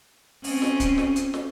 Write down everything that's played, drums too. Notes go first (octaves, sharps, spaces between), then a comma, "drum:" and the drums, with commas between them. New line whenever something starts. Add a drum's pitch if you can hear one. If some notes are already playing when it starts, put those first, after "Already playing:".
C4 C#4, drum: open hi-hat
drum: snare
drum: kick D1, hi-hat
drum: snare
drum: hi-hat
drum: snare